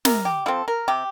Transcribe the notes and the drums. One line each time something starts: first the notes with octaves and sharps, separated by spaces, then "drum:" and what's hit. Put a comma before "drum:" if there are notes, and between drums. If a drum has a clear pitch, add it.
C3 A#4, drum: snare
G4
F3 C4 A4
A#4
C3 G4